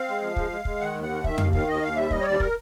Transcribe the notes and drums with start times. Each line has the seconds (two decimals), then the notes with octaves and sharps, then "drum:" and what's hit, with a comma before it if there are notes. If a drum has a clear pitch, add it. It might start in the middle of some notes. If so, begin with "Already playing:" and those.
Already playing: C4 F5
0.08 G#3
0.21 F3
0.36 G#3, drum: kick
0.51 G#3
0.65 G#3, drum: kick
0.80 D#3 F#5
0.95 D#2
1.02 F#5
1.09 D#3
1.24 D#3 E5, drum: kick
1.38 D#2 F5, drum: tom F2
1.53 D#3 F5, drum: kick
1.68 D#2 D#5
1.83 D#2 F5
1.96 G3 E5
2.11 G3 D#5, drum: kick
2.21 C#5
2.26 D#2 D5
2.40 A#4, drum: kick